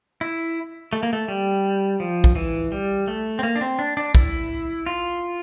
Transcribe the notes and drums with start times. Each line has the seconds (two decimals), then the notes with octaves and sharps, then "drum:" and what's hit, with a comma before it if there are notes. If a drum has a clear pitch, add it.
0.21 E4
0.93 A3
1.03 A#3
1.13 A3
1.28 G3
2.00 F3
2.24 drum: kick A#1
2.36 E3
2.72 G3
3.08 A3
3.39 C4
3.43 A#3
3.56 D4
3.61 C4
3.79 D4
3.97 D4
4.15 E4, drum: kick A#1
4.86 F4